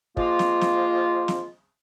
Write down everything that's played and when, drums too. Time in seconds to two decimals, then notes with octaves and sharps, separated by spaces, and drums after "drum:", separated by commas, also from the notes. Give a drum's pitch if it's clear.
0.17 F3 G#3 A#3 F4, drum: kick
0.39 drum: snare
0.61 drum: snare
1.28 drum: snare